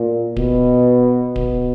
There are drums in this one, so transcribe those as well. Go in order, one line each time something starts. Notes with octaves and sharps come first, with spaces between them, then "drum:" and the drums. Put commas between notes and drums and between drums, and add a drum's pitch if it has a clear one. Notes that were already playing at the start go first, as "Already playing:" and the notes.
Already playing: A#2
B2, drum: kick D1
B2, drum: kick D1